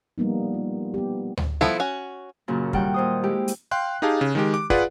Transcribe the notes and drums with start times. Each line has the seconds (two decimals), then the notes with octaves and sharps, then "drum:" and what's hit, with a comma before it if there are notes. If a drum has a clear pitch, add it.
0.18 F3 G3 A#3 B3 D#4
0.54 F4
0.94 B3 G4
1.37 drum: tom D2
1.61 F3 B3 E4 A4, drum: snare
1.80 C#4 F#4
2.48 F#2 A#2 C#3
2.73 D#3 G3 F#5 G5, drum: kick
2.94 A#2 C5 D#6
3.23 G#3 E4 G4
3.48 drum: hi-hat
3.71 F5 G5 C6 F#6
4.02 D#4 G4 G#4 F5 A5
4.21 C#3
4.35 D#3 G#3 G4
4.54 D6
4.70 F4 G#4 B4 D5 F#5, drum: kick